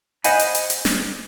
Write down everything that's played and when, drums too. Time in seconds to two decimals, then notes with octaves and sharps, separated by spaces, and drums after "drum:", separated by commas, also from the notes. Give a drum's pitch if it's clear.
0.24 C5 D#5 F#5 G#5 B5, drum: hi-hat
0.39 drum: hi-hat
0.55 drum: hi-hat
0.70 drum: hi-hat
0.85 drum: snare